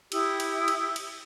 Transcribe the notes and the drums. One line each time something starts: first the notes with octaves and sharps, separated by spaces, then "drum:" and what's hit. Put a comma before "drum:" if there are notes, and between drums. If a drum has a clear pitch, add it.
E4 G4 D#6 E6, drum: cymbal
drum: cymbal
drum: cymbal
drum: cymbal